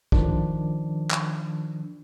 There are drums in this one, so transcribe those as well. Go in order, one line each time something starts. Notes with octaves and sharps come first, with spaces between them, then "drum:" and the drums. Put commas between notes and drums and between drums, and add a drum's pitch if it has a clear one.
D#3 F3 D4, drum: kick
drum: clap